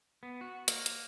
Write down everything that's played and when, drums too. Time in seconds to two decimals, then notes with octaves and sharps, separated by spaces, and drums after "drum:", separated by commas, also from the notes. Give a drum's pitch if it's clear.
0.23 B3
0.41 F#4
0.68 A#3, drum: hi-hat
0.86 drum: hi-hat